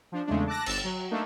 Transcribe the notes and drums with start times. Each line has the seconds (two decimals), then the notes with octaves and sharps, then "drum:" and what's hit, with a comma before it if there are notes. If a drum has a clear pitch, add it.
0.12 F3 D4
0.27 E2 C#3 G#3 A3 D4
0.47 A5 D6 E6 F#6 A#6
0.66 G1 E6 A6 E7, drum: cymbal
0.84 F#3
1.11 A3 A#3 D4 D#4